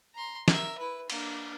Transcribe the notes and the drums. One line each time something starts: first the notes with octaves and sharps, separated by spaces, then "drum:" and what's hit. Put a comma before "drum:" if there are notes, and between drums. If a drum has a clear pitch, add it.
A#5 C6
A#4 E5, drum: snare
E4 B4
A#3 D4, drum: cymbal